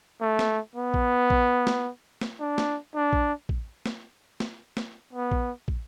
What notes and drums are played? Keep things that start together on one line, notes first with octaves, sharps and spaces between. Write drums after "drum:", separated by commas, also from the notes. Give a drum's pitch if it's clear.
A3
drum: snare
B3
drum: kick
drum: kick
drum: snare
drum: snare
D4
drum: snare
D4
drum: kick
drum: kick
drum: snare
drum: snare
drum: snare
B3
drum: kick
drum: kick